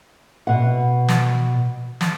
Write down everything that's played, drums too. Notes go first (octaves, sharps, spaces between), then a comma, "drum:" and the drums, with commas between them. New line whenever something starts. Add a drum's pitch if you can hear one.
B2 F#5
drum: snare
drum: snare